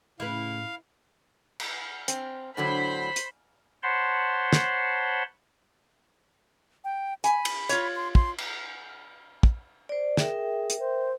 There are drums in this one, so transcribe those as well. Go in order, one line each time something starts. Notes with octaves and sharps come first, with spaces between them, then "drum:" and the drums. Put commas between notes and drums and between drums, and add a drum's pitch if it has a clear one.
A2 C#3 A3 E4 B4 F5
drum: cymbal
C4, drum: hi-hat
A2 D3 F#3 C5 B5
drum: hi-hat
C5 C#5 F#5 A5 B5 C6
drum: snare
G5
G#5 B5, drum: hi-hat
drum: cymbal
F4 C#5, drum: hi-hat
C6
C6, drum: kick
drum: cymbal
drum: kick
C5 D5
G#4 A#4 E5 G5, drum: snare
drum: hi-hat
C5